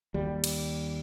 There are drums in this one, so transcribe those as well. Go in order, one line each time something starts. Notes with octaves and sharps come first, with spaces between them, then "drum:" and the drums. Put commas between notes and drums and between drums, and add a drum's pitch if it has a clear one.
D#2 G3
drum: cymbal